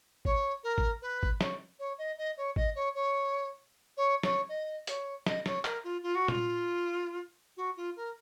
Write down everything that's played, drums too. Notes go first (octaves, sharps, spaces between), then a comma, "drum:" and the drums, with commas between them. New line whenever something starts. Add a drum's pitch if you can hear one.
C#5, drum: kick G#1
A#4
drum: kick G#1
B4
drum: kick G#1
C#5, drum: snare
C#5
D#5
D#5
C#5
D#5, drum: kick G#1
C#5
C#5
C#5
C#5, drum: snare
D#5
C#5, drum: hi-hat
D#5, drum: snare
C#5, drum: snare
A#4, drum: clap
F4
F4
F#4
F4, drum: tom
F#4
F4
A#4